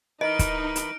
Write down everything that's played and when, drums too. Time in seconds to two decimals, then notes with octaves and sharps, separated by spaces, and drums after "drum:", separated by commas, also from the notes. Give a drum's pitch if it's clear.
0.21 E3 D#4 A#4 D#5 B5 F6 D7
0.39 drum: kick, hi-hat
0.76 drum: hi-hat